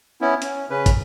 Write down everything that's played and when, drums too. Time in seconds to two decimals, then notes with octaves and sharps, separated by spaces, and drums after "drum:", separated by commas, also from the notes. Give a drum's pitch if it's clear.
0.21 B3 C#4 E4
0.42 C#4, drum: hi-hat
0.70 C#3 C#4 B4
0.86 drum: kick, hi-hat